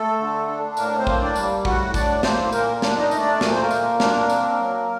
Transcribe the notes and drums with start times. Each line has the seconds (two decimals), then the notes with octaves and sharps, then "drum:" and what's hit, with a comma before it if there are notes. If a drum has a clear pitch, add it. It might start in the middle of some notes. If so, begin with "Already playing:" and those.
Already playing: A3 A4
0.18 D3
0.48 D4
0.77 A2 A#3 A#4, drum: tambourine
0.99 C4 C5
1.07 A#3, drum: kick
1.20 D4 D5
1.35 G3, drum: tambourine
1.65 A2 F#4 F#5, drum: kick
1.94 A2 D4 D5, drum: kick, tambourine
2.23 A#3 C4 C5, drum: snare
2.52 A#2 A#3 A#4, drum: tambourine
2.82 D4, drum: snare
2.97 D#4 D#5
3.11 A3, drum: tambourine
3.19 D4 D5
3.41 A#2 A#4, drum: snare
3.51 C5
3.61 A#3 A#4
3.71 A#2, drum: tambourine
4.00 D4, drum: snare
4.29 C4, drum: tambourine
4.59 F#3